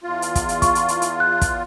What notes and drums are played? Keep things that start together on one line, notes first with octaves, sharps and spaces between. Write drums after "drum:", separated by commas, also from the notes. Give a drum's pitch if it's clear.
E2 F4
drum: hi-hat
drum: kick, hi-hat
drum: hi-hat
C#6, drum: kick, hi-hat
drum: hi-hat
drum: hi-hat
drum: hi-hat
F#6
drum: kick, hi-hat